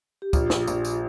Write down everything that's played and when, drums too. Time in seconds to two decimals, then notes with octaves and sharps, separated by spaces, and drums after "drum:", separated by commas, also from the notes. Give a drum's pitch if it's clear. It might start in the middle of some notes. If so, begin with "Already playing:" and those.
0.22 G4
0.33 A#1 F4, drum: kick, tambourine
0.50 A#1, drum: snare
0.67 A#1, drum: tambourine
0.85 drum: tambourine